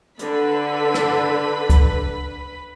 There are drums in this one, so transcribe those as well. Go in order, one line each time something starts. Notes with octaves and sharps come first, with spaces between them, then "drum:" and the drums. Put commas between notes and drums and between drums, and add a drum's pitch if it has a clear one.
D3 B4 B5, drum: hi-hat
drum: rim click
drum: kick C#2, hi-hat